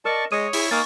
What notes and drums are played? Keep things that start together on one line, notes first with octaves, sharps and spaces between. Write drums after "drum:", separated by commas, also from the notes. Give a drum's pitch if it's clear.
A#4 D5 D#5 A5 C#6 F6
G#3 C#5 D#5 D#6 D#7
E4 G#4, drum: open hi-hat
A#3 D#4 G#5 C#6 D#6 A6